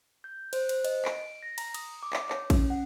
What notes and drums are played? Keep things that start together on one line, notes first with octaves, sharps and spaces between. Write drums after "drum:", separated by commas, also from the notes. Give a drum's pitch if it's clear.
G6
C5, drum: cymbal
C5, drum: cymbal
D#5, drum: cymbal
D7, drum: clap
A#6
A#5, drum: cymbal
D#6, drum: cymbal
D6
drum: clap
C#5, drum: clap
C#4, drum: kick A1, cymbal
F#5